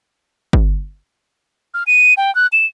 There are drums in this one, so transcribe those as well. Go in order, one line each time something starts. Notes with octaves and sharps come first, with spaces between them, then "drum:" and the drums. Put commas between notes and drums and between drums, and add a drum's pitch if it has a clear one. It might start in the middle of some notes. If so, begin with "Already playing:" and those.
drum: kick G1
F6
D#7
G5
F#6
E7